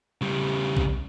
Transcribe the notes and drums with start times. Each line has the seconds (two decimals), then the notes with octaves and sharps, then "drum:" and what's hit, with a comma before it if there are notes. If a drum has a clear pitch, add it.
0.21 C#3 G3
0.77 drum: kick A#1